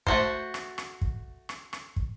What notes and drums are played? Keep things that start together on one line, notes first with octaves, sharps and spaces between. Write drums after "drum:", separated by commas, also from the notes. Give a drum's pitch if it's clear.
A3 F#4 C5, drum: kick
drum: rim click
drum: rim click
drum: kick
drum: rim click
drum: rim click
drum: kick